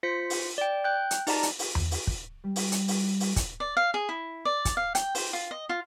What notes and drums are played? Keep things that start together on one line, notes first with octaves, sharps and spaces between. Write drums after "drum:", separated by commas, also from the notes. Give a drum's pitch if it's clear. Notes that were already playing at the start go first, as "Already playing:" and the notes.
F4 C5 B6 C#7
drum: open hi-hat
D5 G5
G5 F#6 G6
drum: hi-hat
D#4 G4 D5 A5 A#5, drum: open hi-hat
drum: hi-hat
drum: open hi-hat
drum: tom E2
drum: open hi-hat
drum: kick
G3
drum: open hi-hat
drum: hi-hat
drum: open hi-hat
drum: open hi-hat
drum: kick, hi-hat
D5
F5
G#4
E4
D5
drum: kick, hi-hat
F5
G5, drum: hi-hat
C5, drum: open hi-hat
F4
D#5
F4